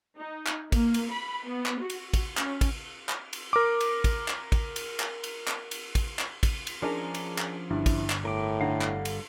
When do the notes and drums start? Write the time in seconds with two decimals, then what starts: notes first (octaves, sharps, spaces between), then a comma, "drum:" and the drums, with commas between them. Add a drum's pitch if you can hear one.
0.17 D#4
0.47 drum: clap
0.72 A#3, drum: kick, cymbal
0.94 drum: cymbal
1.12 B5
1.47 B3
1.66 drum: clap
1.80 F#4
1.90 drum: cymbal
2.14 drum: kick, cymbal
2.37 C#4, drum: clap
2.61 drum: kick, cymbal
3.09 drum: clap
3.33 drum: cymbal
3.53 A#4 D6
3.80 drum: cymbal
4.04 drum: kick, cymbal
4.28 drum: clap
4.52 drum: kick, cymbal
4.76 drum: cymbal
5.00 drum: clap
5.24 drum: cymbal
5.47 drum: clap
5.71 drum: cymbal
5.95 drum: kick, cymbal
6.19 drum: clap
6.43 drum: kick, cymbal
6.67 drum: cymbal
6.82 F3 C#4 D4 G#4 A#4 A#5
7.14 drum: cymbal
7.38 drum: clap
7.70 G1 G2 E4
7.86 drum: kick, cymbal
8.10 drum: clap
8.25 A2 A#4 D6
8.61 D3 G3 D5 F5 A#5
8.81 drum: clap
9.05 drum: cymbal